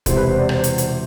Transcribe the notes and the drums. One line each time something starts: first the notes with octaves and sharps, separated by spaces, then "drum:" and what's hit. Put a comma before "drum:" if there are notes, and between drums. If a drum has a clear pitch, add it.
E1 E2 C3 C5, drum: kick, hi-hat
B4
C5
D5
C5, drum: rim click
drum: hi-hat
drum: hi-hat